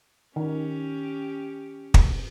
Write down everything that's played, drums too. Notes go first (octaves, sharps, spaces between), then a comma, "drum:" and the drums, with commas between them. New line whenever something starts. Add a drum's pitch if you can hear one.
D#3 C#4 G4
drum: kick